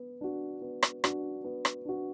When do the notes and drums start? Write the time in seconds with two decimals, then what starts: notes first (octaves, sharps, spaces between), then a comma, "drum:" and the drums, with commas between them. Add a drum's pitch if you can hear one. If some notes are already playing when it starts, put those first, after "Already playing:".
Already playing: B3
0.21 D4 F#4
0.62 B3
0.83 drum: rim click
1.04 D4 F#4, drum: rim click
1.44 B3
1.65 drum: rim click
1.85 D4 F#4